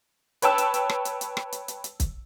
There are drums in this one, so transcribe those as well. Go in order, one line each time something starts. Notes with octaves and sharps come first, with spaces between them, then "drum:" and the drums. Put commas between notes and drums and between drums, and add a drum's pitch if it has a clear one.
B4 C#5 G5 A5 E6, drum: hi-hat
drum: hi-hat
drum: hi-hat
drum: rim click
drum: hi-hat
drum: hi-hat
drum: rim click
drum: hi-hat
drum: hi-hat
drum: hi-hat
drum: kick, hi-hat